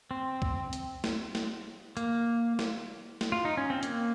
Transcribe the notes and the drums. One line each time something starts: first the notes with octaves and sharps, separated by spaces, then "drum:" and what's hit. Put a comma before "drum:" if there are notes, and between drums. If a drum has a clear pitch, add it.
C4
drum: kick
drum: hi-hat
drum: snare
drum: snare
A#3, drum: hi-hat
drum: snare
drum: snare
F4
D#4
C#4
C4
A#3, drum: hi-hat